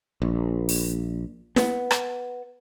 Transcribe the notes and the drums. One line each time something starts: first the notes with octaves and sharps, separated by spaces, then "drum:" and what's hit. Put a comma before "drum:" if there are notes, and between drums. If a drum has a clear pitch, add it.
A#1
drum: open hi-hat
B3, drum: snare
drum: rim click